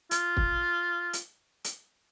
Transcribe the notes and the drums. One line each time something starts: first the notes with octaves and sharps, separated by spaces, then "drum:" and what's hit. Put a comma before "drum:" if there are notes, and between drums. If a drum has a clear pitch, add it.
F4, drum: hi-hat
drum: kick
drum: hi-hat
drum: hi-hat